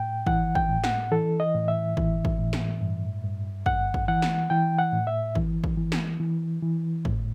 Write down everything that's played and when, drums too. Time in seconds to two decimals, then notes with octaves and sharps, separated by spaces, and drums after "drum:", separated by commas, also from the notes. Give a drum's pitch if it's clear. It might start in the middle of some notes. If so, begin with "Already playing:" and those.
Already playing: A2 G5
0.27 E3 F#5, drum: kick
0.55 G5, drum: kick
0.69 A2
0.84 F#5, drum: snare
1.11 E3 A4
1.40 D#5
1.54 A2
1.68 E5
1.97 E3, drum: kick
2.25 drum: kick
2.39 A2
2.53 drum: snare
2.81 G2
3.23 G2
3.66 G2 F#5, drum: kick
3.94 drum: kick
4.08 E3 F#5
4.22 drum: snare
4.50 E3 G5
4.79 F#5
4.93 A2
5.07 E5
5.35 E3, drum: kick
5.64 drum: kick
5.77 E3
5.92 drum: snare
6.20 E3
6.62 E3
7.05 A2, drum: kick